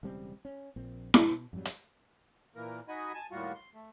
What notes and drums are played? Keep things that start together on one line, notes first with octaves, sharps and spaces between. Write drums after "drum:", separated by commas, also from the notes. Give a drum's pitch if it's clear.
E1 C#3 G3 C4
C#4
A#1 A#2 C4
C2 G2 A#2 D3, drum: snare E4
B2
F2 G#2 F#3 G3
drum: hi-hat
A#2 E3 A#3 A#4
D#4 F#4 D#5 G#5 B5
G#5 A5
D#2 A2 G3 F4 F#4 C#6
C6
A3